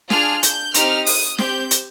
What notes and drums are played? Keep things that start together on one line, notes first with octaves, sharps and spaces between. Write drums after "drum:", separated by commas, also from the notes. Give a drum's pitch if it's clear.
D4 F4 G#4 F6, drum: snare
G6, drum: hi-hat
C4 D#4 G4 F6, drum: hi-hat
D#6, drum: open hi-hat
C4 G4 G6, drum: snare
drum: hi-hat